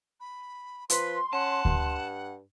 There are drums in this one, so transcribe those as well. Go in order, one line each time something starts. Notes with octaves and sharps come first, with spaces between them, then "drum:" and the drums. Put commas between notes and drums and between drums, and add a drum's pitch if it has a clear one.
B5
F3 B4 C6, drum: hi-hat
C#4 F#5 A5
G2, drum: kick D2